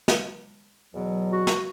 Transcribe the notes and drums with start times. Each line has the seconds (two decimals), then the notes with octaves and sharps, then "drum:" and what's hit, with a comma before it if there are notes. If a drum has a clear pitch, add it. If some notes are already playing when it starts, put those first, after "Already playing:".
0.08 drum: snare
0.94 E2 B2 F#3
1.32 F#4
1.47 drum: snare